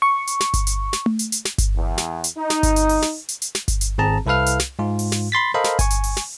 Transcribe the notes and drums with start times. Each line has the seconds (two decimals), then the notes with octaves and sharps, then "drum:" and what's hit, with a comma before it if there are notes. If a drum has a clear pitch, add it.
0.02 C#6
0.27 drum: hi-hat
0.40 drum: snare
0.54 drum: kick G1, hi-hat
0.67 drum: hi-hat
0.93 drum: snare
1.06 drum: tom A3
1.19 drum: hi-hat
1.32 drum: hi-hat
1.45 drum: snare
1.58 drum: kick G1, hi-hat
1.76 E2
1.98 drum: snare
2.24 drum: hi-hat
2.37 D#4
2.50 drum: snare
2.63 drum: kick G1, hi-hat
2.76 drum: hi-hat
2.89 drum: open hi-hat
3.02 drum: snare
3.29 drum: hi-hat
3.42 drum: hi-hat
3.55 drum: snare
3.68 drum: kick G1, hi-hat
3.81 drum: hi-hat
3.98 G#1 C4 G#4 A5 A#5
4.26 C2 E4 A4 B4 F5 F6
4.46 drum: hi-hat
4.59 drum: snare
4.79 G#2 F4
4.99 drum: open hi-hat
5.12 drum: snare
5.32 B5 C6 A6 B6
5.54 A4 A#4 C5 D#5 F5 B5
5.64 drum: snare
5.79 G#5 C#6, drum: kick G1, hi-hat
5.90 drum: hi-hat
6.04 drum: open hi-hat
6.17 drum: snare